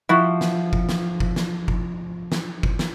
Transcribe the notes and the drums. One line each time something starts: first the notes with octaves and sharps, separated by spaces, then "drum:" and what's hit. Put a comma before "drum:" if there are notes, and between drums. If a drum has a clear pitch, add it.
F3 E4 F#4
drum: snare
drum: kick F#1
drum: snare
drum: kick F#1
drum: snare
drum: kick F#1
drum: snare
drum: kick F#1
drum: snare